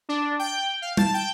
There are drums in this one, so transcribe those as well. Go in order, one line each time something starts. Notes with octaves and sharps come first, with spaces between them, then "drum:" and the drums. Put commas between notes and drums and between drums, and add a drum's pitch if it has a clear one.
D4
G5
F5
A5, drum: tom G3
G5